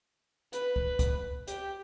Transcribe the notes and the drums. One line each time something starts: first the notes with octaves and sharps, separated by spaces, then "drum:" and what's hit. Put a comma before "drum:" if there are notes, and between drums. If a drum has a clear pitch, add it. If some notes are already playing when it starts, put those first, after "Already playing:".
B4, drum: hi-hat
drum: kick
drum: kick, hi-hat
G4, drum: hi-hat